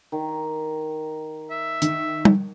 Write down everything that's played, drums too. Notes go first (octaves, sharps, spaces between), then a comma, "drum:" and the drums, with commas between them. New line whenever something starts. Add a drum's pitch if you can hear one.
D#3
E5
D#3, drum: hi-hat
drum: tom